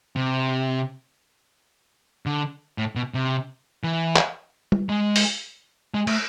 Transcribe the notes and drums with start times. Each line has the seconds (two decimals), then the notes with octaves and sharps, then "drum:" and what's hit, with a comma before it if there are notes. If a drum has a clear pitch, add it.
0.16 C3
2.26 D3
2.78 A2
2.96 B2
3.14 C3
3.84 E3
4.16 drum: clap
4.72 drum: tom G3
4.89 G#3
5.16 drum: open hi-hat
5.94 G#3
6.07 A3, drum: cymbal